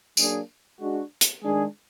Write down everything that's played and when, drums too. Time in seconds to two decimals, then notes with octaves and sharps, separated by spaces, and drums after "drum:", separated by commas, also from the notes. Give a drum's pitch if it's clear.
0.17 F#3 A#3 D4 G#4, drum: tambourine
0.80 G#3 D4 F#4
1.21 drum: hi-hat
1.43 D#3 G#3 D4 G#4